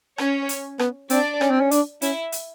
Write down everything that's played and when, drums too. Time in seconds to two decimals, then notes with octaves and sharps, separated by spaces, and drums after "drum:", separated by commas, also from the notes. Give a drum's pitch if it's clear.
0.18 C#4 C#5, drum: rim click
0.49 drum: hi-hat
0.79 B3, drum: rim click
1.10 C4 D4 D5, drum: hi-hat
1.41 C#4, drum: rim click
1.50 C4
1.61 C#4
1.71 D4, drum: hi-hat
2.02 C#4 E4 E5, drum: hi-hat
2.32 drum: hi-hat